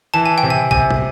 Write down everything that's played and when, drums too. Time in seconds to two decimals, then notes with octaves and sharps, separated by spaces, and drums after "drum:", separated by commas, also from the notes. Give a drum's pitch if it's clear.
0.14 E3 A5
0.26 G#5
0.38 G5
0.43 C3
0.50 G#5
0.71 C3 G#5, drum: kick C2
0.91 drum: tom